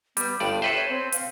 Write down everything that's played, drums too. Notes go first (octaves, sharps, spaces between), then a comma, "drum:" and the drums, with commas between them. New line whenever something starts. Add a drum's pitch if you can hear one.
G3 B3, drum: hi-hat
G1 G2 D5 G5
A4 B4 C5 E5
C#5
C4
F5, drum: hi-hat